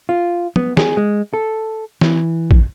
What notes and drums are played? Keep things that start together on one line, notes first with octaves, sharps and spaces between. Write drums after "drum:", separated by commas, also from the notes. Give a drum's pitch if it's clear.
F4
B3, drum: tom
G#4, drum: snare
G#3
A4
E3, drum: snare
drum: kick